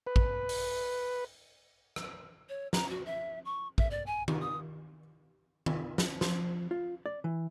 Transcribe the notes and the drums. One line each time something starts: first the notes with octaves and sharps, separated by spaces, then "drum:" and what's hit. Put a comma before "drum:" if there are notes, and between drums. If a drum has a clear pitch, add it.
B4
drum: kick
drum: open hi-hat
drum: rim click
C#5
A#5, drum: snare
F#4
E5
C#6
E5, drum: kick
D5
G#5
D#4, drum: tom D#3
D#6
drum: tom D#3
drum: snare
F3, drum: snare
F4
D5
E3